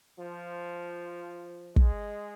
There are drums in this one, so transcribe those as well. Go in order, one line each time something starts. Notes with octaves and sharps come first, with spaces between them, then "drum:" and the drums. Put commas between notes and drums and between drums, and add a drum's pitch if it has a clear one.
F3
G#3, drum: kick